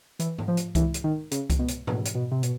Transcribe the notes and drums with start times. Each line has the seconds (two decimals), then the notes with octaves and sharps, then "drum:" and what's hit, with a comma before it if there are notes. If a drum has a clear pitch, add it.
0.19 E3, drum: hi-hat
0.38 drum: tom G#2
0.48 F3
0.57 drum: hi-hat
0.75 E3, drum: kick C2, hi-hat
0.94 drum: hi-hat
1.04 D#3
1.31 C#3, drum: hi-hat
1.50 drum: kick C2, hi-hat
1.59 B2
1.68 drum: hi-hat
1.87 B2, drum: tom G#2
2.05 drum: hi-hat
2.15 B2
2.31 C3
2.43 B2, drum: hi-hat